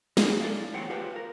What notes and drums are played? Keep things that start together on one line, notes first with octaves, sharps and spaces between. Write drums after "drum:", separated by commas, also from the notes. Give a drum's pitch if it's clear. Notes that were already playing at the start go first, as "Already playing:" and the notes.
F#3 G#3 D#4 E4 G4 G#4, drum: snare
E4 A4 A#4 D5 F5
E2 A3 C5 C#5 F#5 G5
F4 G4 B4 C5 F5
A#4